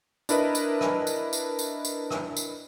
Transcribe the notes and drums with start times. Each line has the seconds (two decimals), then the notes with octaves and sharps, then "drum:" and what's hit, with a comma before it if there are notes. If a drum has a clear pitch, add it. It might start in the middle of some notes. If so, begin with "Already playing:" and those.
0.29 D4 E4 A#4 B4 D#5, drum: tambourine
0.55 drum: tambourine
0.81 drum: rim click
1.07 drum: tambourine
1.33 drum: tambourine
1.59 drum: tambourine
1.85 drum: tambourine
2.11 drum: rim click
2.37 drum: tambourine